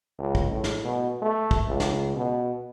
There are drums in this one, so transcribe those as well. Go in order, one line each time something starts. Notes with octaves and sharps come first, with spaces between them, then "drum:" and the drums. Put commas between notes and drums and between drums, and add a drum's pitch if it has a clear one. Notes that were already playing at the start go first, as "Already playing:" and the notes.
C#2
drum: kick
A2
drum: snare
B2
A3
drum: kick
C#2
drum: snare
B2